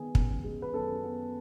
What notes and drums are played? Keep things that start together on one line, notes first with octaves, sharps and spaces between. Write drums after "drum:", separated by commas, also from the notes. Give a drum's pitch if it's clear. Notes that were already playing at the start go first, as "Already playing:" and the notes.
Already playing: D#3 B3 G#4
F#2, drum: kick
G#3
B4
F#2 A4
B3